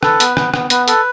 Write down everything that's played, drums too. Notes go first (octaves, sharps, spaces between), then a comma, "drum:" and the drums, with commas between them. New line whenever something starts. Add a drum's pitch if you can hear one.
A4 B4, drum: rim click
B3, drum: hi-hat
B3, drum: rim click
B3, drum: rim click
B3 B4, drum: hi-hat
A4 B4, drum: hi-hat